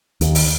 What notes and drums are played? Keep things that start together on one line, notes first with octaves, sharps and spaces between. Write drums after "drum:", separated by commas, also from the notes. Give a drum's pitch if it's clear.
D#2, drum: hi-hat
drum: open hi-hat